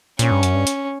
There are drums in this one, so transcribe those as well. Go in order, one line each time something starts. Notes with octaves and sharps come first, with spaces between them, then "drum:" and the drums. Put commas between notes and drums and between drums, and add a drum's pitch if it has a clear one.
A#2 C#4, drum: hi-hat
G2
F#2, drum: hi-hat
G2
drum: hi-hat